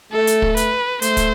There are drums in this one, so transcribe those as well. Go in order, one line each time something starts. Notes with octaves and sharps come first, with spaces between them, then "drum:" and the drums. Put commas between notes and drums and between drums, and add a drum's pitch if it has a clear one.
A3 A4
drum: hi-hat
drum: kick
B4, drum: hi-hat
A3 C5, drum: hi-hat
drum: kick, hi-hat